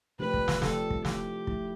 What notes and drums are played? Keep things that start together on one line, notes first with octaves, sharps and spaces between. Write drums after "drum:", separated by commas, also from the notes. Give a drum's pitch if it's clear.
C3 F3 A3 D4 G4 B4
drum: kick
drum: snare
C3 F3 A3 D4 G4 A4, drum: snare
drum: kick
F3 A3 E4 G4, drum: snare
F3 A3 E4, drum: kick